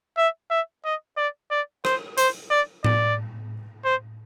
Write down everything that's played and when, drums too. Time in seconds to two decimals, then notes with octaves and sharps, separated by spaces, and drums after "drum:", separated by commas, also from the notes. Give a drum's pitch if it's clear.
0.18 E5
0.51 E5
0.85 D#5
1.17 D5
1.51 D5
1.85 C5, drum: rim click
2.18 C5, drum: hi-hat
2.51 D5
2.84 D5, drum: tom A2
3.85 C5